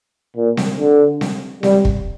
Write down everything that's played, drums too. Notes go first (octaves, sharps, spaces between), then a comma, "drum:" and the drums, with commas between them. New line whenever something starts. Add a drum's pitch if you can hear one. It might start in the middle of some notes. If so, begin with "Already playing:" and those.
A#2
drum: snare C4
D3
drum: snare C4
G3, drum: snare C4
drum: kick